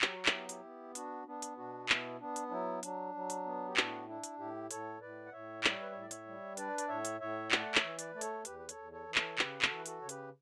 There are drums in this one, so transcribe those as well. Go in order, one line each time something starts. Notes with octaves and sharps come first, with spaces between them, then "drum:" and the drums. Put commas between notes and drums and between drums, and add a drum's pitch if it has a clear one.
F#3 G4, drum: clap
F#4
E4 G4, drum: clap
B3
E4 G4, drum: hi-hat
B3
D4 F#4, drum: hi-hat
B3 D4
drum: hi-hat
B2 D4 F#4
B3 E4, drum: clap
B3 D4
drum: hi-hat
D4
F#3 E4
F#3 D4, drum: hi-hat
F#3
drum: hi-hat
B3
G4
A2 D4 F#4, drum: clap
D4 E4
drum: hi-hat
A2 E4 G4
A2 A4 C#5, drum: hi-hat
A2 B4 D5
F#5
A2 C#5 E5
G3 C#5 E5, drum: clap
B4
A2 C#5
D5
C#5 E5, drum: hi-hat
G3
D4 B4 D5, drum: hi-hat
D5, drum: hi-hat
A2 C#5 E5
drum: hi-hat
A2 C#5 E5
A3 D5 F#5, drum: clap
C#5 E5, drum: clap
E3
B4 D5, drum: hi-hat
A3 D5
A4 C#5, drum: hi-hat
E2 G4 B4, drum: hi-hat
B4
A4 C#5, drum: hi-hat
E2
A4 C#5
E3
A4 C#5, drum: clap
C#3 G4 B4, drum: clap
F#4 A4, drum: clap
E3
B4
F#4 A4, drum: hi-hat
C#3 C#5
G4 B4, drum: hi-hat